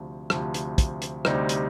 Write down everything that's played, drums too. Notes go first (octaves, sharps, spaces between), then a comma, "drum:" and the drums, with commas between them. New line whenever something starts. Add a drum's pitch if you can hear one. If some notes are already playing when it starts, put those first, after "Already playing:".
Already playing: D2 C3 F3
D2 C3 F3, drum: rim click
drum: hi-hat
drum: kick, hi-hat
drum: hi-hat
D2 C3 G3 C4 D#4, drum: rim click
drum: hi-hat